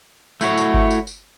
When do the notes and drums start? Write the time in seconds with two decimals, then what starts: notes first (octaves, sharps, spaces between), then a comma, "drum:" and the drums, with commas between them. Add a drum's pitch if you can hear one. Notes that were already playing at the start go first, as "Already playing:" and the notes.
0.41 A3 E4 F#4 C#5, drum: tambourine
0.57 drum: tambourine
0.74 drum: kick G1
0.90 drum: tambourine
1.07 drum: tambourine